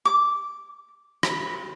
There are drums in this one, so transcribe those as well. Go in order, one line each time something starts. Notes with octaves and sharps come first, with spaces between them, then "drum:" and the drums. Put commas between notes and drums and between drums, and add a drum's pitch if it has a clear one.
D6
B5, drum: rim click